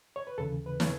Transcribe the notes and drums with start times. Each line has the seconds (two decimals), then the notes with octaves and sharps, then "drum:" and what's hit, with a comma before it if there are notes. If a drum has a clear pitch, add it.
0.16 C#5
0.27 B4
0.38 D#2 C#3 E3 A4
0.66 B4
0.80 C#5, drum: snare